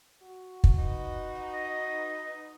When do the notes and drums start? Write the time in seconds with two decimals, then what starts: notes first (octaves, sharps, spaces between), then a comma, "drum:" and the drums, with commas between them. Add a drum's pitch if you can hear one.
0.22 F#4
0.64 drum: kick
0.77 D#4 B4
1.53 D#5